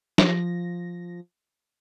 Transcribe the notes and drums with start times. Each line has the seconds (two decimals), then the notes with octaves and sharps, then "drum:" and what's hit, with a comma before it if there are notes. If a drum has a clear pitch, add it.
0.18 F3 A#6, drum: snare